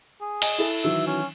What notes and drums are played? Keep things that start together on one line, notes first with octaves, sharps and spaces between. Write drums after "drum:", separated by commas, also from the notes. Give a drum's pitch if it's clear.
G#4
D#5 G#5, drum: cymbal
E4 A4
D#3 E3 F#3 E5
C#4